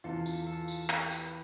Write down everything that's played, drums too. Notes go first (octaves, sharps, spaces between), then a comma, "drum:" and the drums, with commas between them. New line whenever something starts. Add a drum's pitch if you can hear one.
E2 C3 E3 F4 A4
drum: tambourine
F4 A4
drum: tambourine
G4 B4, drum: clap
drum: tambourine